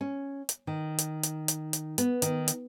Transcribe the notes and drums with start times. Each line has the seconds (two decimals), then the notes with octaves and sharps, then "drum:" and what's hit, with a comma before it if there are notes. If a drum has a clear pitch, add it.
0.01 C#4
0.49 drum: hi-hat
0.67 D#3
0.99 drum: hi-hat
1.24 drum: hi-hat
1.48 drum: hi-hat
1.73 drum: hi-hat
1.98 B3, drum: hi-hat
2.22 D#3, drum: hi-hat
2.48 drum: hi-hat